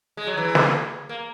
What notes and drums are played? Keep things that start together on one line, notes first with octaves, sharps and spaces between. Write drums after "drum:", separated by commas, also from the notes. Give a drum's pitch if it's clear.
G#3
F#3
E3
drum: snare
A#3